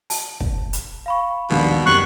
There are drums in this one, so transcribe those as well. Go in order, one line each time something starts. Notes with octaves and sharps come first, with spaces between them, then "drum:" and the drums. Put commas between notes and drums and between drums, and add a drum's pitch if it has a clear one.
A5, drum: open hi-hat
drum: kick
drum: hi-hat
F5 B5 C#6
A#1 D#2 B2
F#1 C3 C#6 F#6